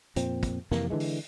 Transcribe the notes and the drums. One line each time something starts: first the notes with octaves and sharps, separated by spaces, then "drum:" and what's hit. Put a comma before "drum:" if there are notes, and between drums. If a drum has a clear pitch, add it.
F2 A#2 C4, drum: hi-hat
drum: kick, hi-hat
F2 C3 E3 A#3, drum: snare
D3 E3 G#3
drum: open hi-hat